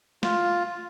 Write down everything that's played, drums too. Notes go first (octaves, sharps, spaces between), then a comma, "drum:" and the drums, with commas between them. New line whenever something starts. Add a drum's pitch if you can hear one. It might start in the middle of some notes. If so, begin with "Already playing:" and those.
F4, drum: snare